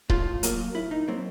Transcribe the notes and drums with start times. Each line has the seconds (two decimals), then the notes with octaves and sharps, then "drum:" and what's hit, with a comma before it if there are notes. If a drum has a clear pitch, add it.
0.10 A2 F4, drum: kick D#1
0.43 F#3 A#3, drum: hi-hat
0.75 A2 E4
0.91 D#4
1.08 F#3 A#3 C4